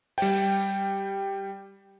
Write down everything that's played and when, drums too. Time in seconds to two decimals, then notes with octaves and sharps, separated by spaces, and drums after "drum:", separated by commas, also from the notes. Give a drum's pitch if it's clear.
0.18 G3 G5, drum: open hi-hat